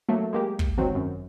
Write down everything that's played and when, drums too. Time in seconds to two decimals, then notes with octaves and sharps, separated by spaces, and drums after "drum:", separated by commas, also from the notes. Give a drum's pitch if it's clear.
0.09 F#3 A3 A#3
0.33 G#3 A#3 G4
0.59 drum: kick
0.78 G#1 D#3 F#3 C4
0.95 F#2